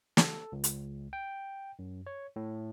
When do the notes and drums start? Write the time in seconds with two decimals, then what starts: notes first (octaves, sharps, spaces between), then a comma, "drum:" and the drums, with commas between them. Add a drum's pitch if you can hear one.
0.17 A4, drum: snare
0.52 C#2
0.64 drum: hi-hat
1.13 G5
1.79 F#2
2.07 C#5
2.36 A2